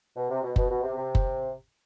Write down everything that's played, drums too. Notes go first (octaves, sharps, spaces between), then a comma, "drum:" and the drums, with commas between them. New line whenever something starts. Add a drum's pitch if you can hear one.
B2
C3
B2
B2, drum: kick F#1
B2
C3
C3
drum: kick F#1